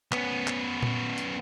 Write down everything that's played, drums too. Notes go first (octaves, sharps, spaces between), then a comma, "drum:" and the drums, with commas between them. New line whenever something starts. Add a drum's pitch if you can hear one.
B3 C#4, drum: clap
drum: clap
drum: tom A#2
drum: hi-hat